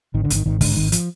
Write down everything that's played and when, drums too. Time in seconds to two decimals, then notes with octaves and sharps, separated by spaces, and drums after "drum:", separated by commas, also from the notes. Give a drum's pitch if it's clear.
0.14 G#1 D#3
0.25 D3
0.30 G#1 D#3, drum: hi-hat
0.46 G#1 D#3
0.61 G#2 D3, drum: kick, open hi-hat
0.76 G#1 D#3
0.92 F3, drum: hi-hat